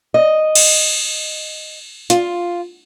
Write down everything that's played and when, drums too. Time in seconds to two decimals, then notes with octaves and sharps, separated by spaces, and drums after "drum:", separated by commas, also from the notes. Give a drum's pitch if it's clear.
0.14 D#5
0.55 drum: cymbal
2.10 F4, drum: hi-hat